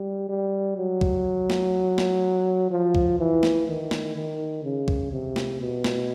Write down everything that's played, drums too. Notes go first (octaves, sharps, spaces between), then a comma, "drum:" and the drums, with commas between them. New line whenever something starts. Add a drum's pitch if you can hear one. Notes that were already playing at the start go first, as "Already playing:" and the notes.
Already playing: G3
G3
F#3
drum: kick
drum: snare
drum: snare
F3
drum: kick
E3
drum: snare
D#3
drum: snare
D#3
C#3
drum: kick
C3
drum: snare
B2
drum: snare